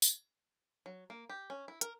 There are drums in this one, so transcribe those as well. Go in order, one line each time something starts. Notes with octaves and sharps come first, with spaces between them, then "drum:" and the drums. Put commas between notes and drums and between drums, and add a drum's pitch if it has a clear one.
drum: tambourine
F#3
A#3
G4
C#4
E4
A#4, drum: hi-hat